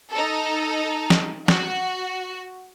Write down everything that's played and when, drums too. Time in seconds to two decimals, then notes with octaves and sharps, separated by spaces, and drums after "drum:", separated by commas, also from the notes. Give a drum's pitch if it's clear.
0.11 D#4 A4
1.10 drum: snare
1.48 F#4, drum: snare